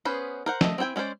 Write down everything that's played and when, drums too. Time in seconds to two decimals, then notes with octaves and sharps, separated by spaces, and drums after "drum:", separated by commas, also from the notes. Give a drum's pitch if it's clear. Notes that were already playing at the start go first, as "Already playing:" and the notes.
0.05 B3 C#4 G#4 B4 C5
0.46 A#4 C5 F#5
0.61 A3 D#5, drum: snare
0.78 C4 E4 A4 G5 G#5
0.96 G#3 C#4 G#4 C5 D5